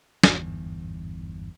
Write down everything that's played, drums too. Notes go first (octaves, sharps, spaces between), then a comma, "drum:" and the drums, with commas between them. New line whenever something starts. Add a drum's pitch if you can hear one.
G1 E2 G#2 E3, drum: snare